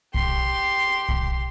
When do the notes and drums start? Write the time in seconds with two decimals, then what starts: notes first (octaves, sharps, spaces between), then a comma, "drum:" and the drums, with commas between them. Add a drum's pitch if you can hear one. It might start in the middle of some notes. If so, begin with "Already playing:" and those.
0.14 G4 C6, drum: kick
1.09 drum: kick